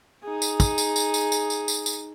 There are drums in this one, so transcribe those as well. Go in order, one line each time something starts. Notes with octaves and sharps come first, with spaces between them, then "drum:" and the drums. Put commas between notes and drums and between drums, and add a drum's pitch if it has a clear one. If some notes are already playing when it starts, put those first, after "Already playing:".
D#4 G#4
drum: tambourine
drum: kick, tambourine
drum: tambourine
drum: tambourine
drum: tambourine
drum: tambourine
drum: tambourine
drum: tambourine
drum: tambourine